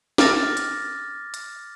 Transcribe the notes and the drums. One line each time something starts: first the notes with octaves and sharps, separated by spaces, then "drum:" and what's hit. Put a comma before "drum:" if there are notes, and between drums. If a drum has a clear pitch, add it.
D6 F6 A6 A#6, drum: snare
drum: hi-hat
drum: hi-hat